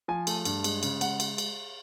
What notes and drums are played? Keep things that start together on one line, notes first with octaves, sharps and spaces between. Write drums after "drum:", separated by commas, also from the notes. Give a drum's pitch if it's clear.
F3 G#5
A3, drum: cymbal
G2, drum: cymbal
G#3, drum: cymbal
C#3, drum: cymbal
G#3 F#5, drum: cymbal
drum: cymbal
drum: cymbal